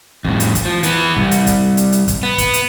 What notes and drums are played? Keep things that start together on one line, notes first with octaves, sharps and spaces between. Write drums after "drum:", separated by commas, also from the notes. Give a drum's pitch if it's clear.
F2 A2, drum: kick
drum: hi-hat
drum: kick, hi-hat
F3
E3 B3, drum: hi-hat
C2, drum: kick
drum: hi-hat
drum: kick, hi-hat
drum: hi-hat
drum: hi-hat
drum: kick, hi-hat
B3
drum: kick, hi-hat
drum: hi-hat